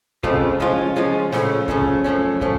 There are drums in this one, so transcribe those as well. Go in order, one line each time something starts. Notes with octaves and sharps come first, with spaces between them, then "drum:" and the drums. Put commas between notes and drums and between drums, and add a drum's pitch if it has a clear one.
F2 C#3 F3 A3 F4, drum: kick
F3 G#3 C#4 F4
F3 G#3 C#4 F4
C#3 F3 A3 C#4, drum: snare
C#3 F3 A3 C#4, drum: kick
F#2 F3 A3 C#4
F3 A3 C#4, drum: kick